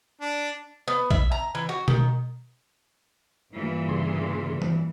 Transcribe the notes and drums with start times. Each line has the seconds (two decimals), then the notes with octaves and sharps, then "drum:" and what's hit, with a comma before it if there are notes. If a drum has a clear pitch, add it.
0.21 D4
0.88 B3
1.11 E5, drum: kick A#1
1.32 A#5
1.55 E3
1.69 F#4
1.88 D#3, drum: tom B2
3.52 G2 A#2 E3
3.89 C#3 G#4 C6
4.62 drum: tom E3